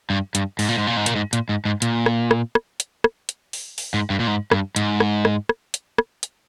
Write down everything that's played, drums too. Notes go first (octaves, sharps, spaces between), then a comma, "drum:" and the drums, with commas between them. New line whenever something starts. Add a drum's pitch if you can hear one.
G2
G2, drum: hi-hat
G#2, drum: open hi-hat
A#2
G#2
A#2
G#2
A#2, drum: hi-hat
G#2
A#2, drum: hi-hat
G#2
G#2
A#2, drum: hi-hat
drum: rim click
drum: rim click
drum: rim click
drum: hi-hat
drum: rim click
drum: hi-hat
drum: open hi-hat
drum: open hi-hat
G#2
G2
A#2
G#2
G2, drum: rim click
G#2, drum: hi-hat
drum: rim click
drum: rim click
drum: rim click
drum: hi-hat
drum: rim click
drum: hi-hat